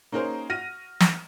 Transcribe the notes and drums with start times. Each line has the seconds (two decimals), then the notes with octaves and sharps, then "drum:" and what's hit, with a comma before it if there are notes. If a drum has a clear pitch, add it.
0.12 A#3 C#4 D#4 G#4 A#4 C5
0.49 F#4 F6 A#6 D#7
1.00 drum: snare